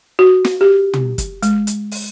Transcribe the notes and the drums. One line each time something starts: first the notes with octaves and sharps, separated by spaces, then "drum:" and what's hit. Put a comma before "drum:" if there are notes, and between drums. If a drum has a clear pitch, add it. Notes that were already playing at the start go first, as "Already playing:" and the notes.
F#4
drum: snare
G4
drum: tom
drum: kick, hi-hat
G#3, drum: hi-hat
drum: hi-hat
drum: open hi-hat